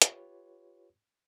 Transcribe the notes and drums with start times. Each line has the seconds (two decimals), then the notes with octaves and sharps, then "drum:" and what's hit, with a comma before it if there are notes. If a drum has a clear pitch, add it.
0.02 F4 G4 B4 C#5, drum: hi-hat